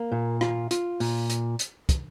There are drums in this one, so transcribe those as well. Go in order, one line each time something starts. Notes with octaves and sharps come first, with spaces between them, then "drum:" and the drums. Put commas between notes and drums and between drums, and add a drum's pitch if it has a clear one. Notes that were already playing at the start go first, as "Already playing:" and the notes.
Already playing: A#3
A#2
F4, drum: rim click
F4, drum: hi-hat
A#2, drum: open hi-hat
drum: hi-hat
drum: hi-hat
drum: kick, hi-hat